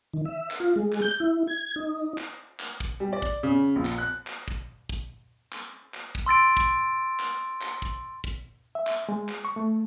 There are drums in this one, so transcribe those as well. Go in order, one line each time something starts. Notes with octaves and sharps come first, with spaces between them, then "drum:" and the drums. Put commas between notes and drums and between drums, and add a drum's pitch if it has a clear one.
D#3
E5
drum: clap
F4
G#3
drum: clap
G6
E4
G#6
D#4
drum: clap
drum: clap
drum: kick
G3
D5
drum: kick
C#3
A#1
drum: clap
F#6
drum: clap
drum: kick
drum: kick
drum: clap
drum: clap
drum: kick
C6 E6 A6 D7
drum: kick
drum: clap
drum: clap
drum: kick
drum: kick
E5
drum: clap
G#3
drum: clap
C#6
A3